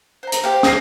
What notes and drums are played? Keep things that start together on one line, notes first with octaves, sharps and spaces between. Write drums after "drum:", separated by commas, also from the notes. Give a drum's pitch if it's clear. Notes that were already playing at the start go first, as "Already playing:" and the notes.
C5 A#5
drum: hi-hat
G4 C5 F5 G6
D#6 A#6 C7, drum: snare